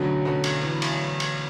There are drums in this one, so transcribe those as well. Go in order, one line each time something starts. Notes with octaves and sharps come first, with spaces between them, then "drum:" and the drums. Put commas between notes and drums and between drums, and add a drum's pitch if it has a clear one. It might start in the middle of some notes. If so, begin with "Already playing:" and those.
Already playing: B1 B2 D3 F#3 A3 C#4 F#4
B1 B2 A3 C#4 F#4
drum: cymbal
A1 A2 E3 B3
drum: cymbal
drum: cymbal